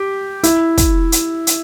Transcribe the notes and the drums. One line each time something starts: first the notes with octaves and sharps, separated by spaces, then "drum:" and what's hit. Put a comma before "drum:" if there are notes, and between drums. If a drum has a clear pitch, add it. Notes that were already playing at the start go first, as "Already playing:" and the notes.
Already playing: G4
E4, drum: hi-hat
drum: kick, hi-hat
drum: hi-hat
drum: hi-hat